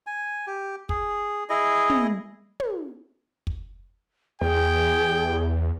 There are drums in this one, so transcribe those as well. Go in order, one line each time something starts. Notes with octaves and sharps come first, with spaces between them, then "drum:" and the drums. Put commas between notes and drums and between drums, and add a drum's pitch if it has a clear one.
G#5
G4
G#4, drum: kick
E4 G#4 D#5
drum: tom
drum: tom
drum: kick
E2 G#4 G5